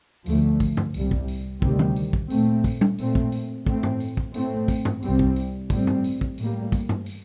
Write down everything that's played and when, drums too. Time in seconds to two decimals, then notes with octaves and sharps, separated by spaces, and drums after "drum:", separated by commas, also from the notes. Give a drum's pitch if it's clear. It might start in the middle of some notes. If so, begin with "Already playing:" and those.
0.26 D2 D3 F3 A3, drum: tambourine
0.60 drum: kick, tambourine
0.77 drum: tom G2
0.94 C2 C3 G3, drum: tambourine
1.11 drum: kick
1.28 drum: tambourine
1.62 D2 C3 D#3 G3 C4, drum: kick
1.79 drum: tom D#3
1.96 drum: tambourine
2.13 drum: kick
2.30 A#2 A3 C4, drum: tambourine
2.64 drum: kick, tambourine
2.81 drum: tom G3
2.98 A#2 A3 C4, drum: tambourine
3.15 drum: kick
3.32 drum: tambourine
3.67 A2 A3 C4, drum: kick
3.83 drum: tom G2
4.00 drum: tambourine
4.17 drum: kick
4.34 A2 A3 C4, drum: tambourine
4.68 drum: kick, tambourine
4.85 drum: tom G2
5.03 C2 C3 G3 C4, drum: tambourine
5.19 drum: kick
5.36 drum: tambourine
5.70 A2 G3 C4, drum: kick, tambourine
5.87 drum: tom G2
6.04 drum: tambourine
6.21 drum: kick
6.38 A2 G3 A#3, drum: tambourine
6.72 drum: kick, tambourine
6.89 drum: tom G2
7.06 drum: tambourine